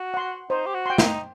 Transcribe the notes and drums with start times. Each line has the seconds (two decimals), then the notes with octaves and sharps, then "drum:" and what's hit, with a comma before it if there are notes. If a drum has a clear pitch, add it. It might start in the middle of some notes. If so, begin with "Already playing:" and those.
Already playing: F#4
0.14 F#5 C6
0.50 D#4 C5
0.66 G4
0.74 F#4
0.86 G5 C6
0.98 D#4, drum: snare